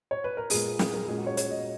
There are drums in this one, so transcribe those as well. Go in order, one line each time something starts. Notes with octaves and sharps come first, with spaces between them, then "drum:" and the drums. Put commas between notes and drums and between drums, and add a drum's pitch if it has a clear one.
C#5
B4
A#4
A#2 G#3 B3 G#4, drum: open hi-hat
G#4, drum: snare
A#4
A#2 G#3 C#4 G#4
F#4
C#5
C#5, drum: hi-hat
D#5